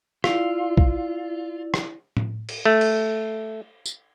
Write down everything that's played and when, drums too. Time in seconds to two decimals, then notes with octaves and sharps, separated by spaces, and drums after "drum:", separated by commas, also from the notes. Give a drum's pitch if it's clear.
0.24 E4 F4 D5, drum: rim click
0.77 drum: kick
1.74 drum: rim click
2.17 drum: tom A2
2.49 drum: cymbal
2.65 A3
2.81 drum: cymbal
3.86 drum: tambourine